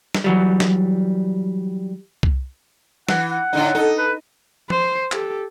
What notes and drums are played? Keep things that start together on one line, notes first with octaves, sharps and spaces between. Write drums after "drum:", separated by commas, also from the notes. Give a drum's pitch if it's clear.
drum: snare
E3 F#3 G3
drum: snare
drum: kick C2
E3 F#5, drum: snare
F#5
A2 D3 D#4
D#4 A4
B4
C5, drum: tom
G4 A4, drum: clap